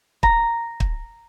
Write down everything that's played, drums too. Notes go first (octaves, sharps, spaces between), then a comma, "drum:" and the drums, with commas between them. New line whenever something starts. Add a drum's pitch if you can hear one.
A#5, drum: kick
drum: kick